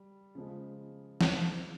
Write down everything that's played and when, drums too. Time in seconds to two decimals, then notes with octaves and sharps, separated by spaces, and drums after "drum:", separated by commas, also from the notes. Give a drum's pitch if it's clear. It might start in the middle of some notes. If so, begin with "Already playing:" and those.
Already playing: G3
0.35 C#3 F3 G#3
1.21 drum: snare